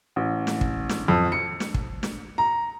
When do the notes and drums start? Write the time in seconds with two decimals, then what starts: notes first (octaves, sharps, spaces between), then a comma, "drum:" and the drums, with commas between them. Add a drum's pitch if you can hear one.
0.16 A1
0.47 drum: snare
0.61 drum: kick
0.89 drum: snare
1.08 F2
1.32 C#7
1.60 drum: snare
1.74 drum: kick
2.03 drum: snare
2.38 A#5